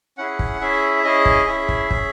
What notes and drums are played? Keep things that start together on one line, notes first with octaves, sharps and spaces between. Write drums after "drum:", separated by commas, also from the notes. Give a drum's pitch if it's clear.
C#4 E4 G#4 F#5
drum: kick
C#4 E4 G#4 E5
C#4 E4 G#4 D#5
drum: kick
C#4 E4 G#4 E5
drum: kick
C#4 G#4, drum: kick